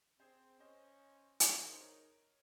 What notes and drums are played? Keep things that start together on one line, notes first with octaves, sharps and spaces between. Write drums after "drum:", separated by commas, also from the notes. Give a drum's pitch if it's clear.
C4 G#4 C5
C#4 C5 D#5
D#4 A#4 C#5, drum: hi-hat
A#4 C#5
G#4 C5
A#4 C#5